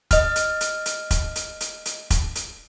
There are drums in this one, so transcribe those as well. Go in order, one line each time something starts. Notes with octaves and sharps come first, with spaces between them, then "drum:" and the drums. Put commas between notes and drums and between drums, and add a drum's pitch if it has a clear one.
D#5 F6, drum: kick E1, hi-hat
drum: hi-hat
drum: hi-hat
drum: hi-hat
drum: kick E1, hi-hat
drum: hi-hat
drum: hi-hat
drum: hi-hat
drum: kick E1, hi-hat
drum: hi-hat